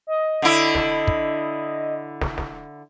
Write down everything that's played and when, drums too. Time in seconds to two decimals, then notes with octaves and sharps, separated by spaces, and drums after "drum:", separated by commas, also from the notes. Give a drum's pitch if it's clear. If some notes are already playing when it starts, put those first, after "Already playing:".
0.07 D#5
0.42 D3 E4
0.75 drum: snare
1.07 drum: kick
2.22 drum: snare
2.38 drum: snare